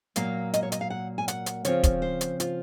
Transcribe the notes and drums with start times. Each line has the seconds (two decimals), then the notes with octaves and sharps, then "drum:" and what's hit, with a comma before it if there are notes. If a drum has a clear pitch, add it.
0.16 A#2 F#3 A#3 F5, drum: hi-hat
0.54 D#5, drum: hi-hat
0.63 C#5
0.72 D#5, drum: hi-hat
0.81 F5
0.90 F#5
1.18 G#5
1.28 F#5, drum: hi-hat
1.46 drum: hi-hat
1.65 C#3 F3 C4 F4 C#5, drum: hi-hat
1.83 drum: kick, hi-hat
2.02 C5
2.21 drum: hi-hat
2.40 F4, drum: hi-hat